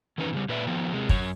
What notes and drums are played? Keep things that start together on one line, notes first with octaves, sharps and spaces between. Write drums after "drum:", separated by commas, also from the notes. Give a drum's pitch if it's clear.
D#3 E3 C#4 D#4 B4
A2 C#3 G3
A#2 B4 D5 E5
D#3 F3 B3 G5
C3 G#3
F#2 C#5, drum: kick